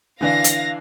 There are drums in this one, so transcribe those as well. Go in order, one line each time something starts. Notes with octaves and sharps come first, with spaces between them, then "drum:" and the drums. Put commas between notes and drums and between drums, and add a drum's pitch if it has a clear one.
D3 E3 D4 F5 A#6
drum: hi-hat